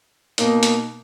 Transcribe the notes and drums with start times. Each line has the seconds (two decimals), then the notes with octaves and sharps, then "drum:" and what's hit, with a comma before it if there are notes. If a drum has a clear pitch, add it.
0.38 B2 A#3 D#4, drum: hi-hat
0.63 drum: hi-hat